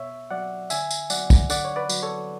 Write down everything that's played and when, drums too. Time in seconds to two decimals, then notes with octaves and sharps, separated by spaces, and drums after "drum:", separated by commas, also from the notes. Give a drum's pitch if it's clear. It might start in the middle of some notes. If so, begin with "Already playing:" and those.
Already playing: B2 C#5 E5
0.31 F#3 D5 F#5
0.70 D3 E5 G#5, drum: tambourine
0.91 drum: tambourine
1.10 F#3 D5 F#5, drum: tambourine
1.30 drum: kick, tambourine
1.50 D3 D5 F#5, drum: tambourine
1.65 C#5
1.76 B4 D5
1.89 F#3, drum: tambourine
2.02 A4 C#5